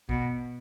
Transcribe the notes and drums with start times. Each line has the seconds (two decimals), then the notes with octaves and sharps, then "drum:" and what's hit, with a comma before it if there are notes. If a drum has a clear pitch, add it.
0.09 B2, drum: kick A#1